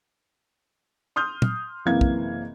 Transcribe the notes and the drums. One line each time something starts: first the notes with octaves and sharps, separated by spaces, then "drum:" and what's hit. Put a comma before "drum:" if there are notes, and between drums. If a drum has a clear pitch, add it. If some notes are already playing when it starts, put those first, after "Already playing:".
C6 D#6 F6 G6
drum: tom
F#1 C3 E3 A#3 F5 G#6
drum: kick